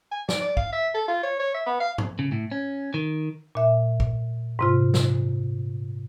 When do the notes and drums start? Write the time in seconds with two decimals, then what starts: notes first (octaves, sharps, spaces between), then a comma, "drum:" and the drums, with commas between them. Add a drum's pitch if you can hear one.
0.12 G#5
0.29 D5, drum: snare
0.41 D5
0.57 F5, drum: kick
0.73 E5
0.95 A4
1.08 F4
1.23 C#5
1.40 C#5
1.54 E5
1.67 B3
1.81 F5
1.98 drum: tom G#2
2.19 C#3
2.32 A2
2.51 C#4
2.94 D#3
3.55 A#2 E5
4.00 drum: kick
4.59 G#2 C3 F4
4.94 drum: snare